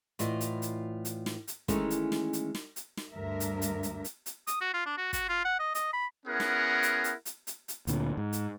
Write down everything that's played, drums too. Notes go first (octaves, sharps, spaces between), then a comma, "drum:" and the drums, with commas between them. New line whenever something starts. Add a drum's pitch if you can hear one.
A2 E3 F4 D5 D#5, drum: hi-hat
drum: hi-hat
drum: hi-hat
drum: hi-hat
drum: snare
drum: hi-hat
D#3 E3 G#3 A3 C#4 D#4, drum: kick, hi-hat
drum: hi-hat
drum: snare
drum: hi-hat
drum: snare
drum: hi-hat
drum: snare
D2 G2 D3 A#4 E5
drum: hi-hat
drum: hi-hat
drum: hi-hat
drum: hi-hat
drum: hi-hat
D#6, drum: hi-hat
F#4
F4
D4
F#4
F#4, drum: kick, hi-hat
F4
F#5
D#5
D#5, drum: hi-hat
B5
B3 C#4 E4 G#4 A#4 F#5
drum: snare
drum: hi-hat
drum: hi-hat
drum: hi-hat
drum: hi-hat
drum: hi-hat
D2 A#2 D3, drum: hi-hat
G#2
drum: hi-hat